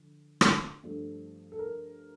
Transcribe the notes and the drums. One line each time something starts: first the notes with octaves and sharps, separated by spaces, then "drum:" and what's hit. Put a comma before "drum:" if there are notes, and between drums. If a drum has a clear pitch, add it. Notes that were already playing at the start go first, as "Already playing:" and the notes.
Already playing: D3 F3
drum: rim click
G2 F3 A3
A4
A#4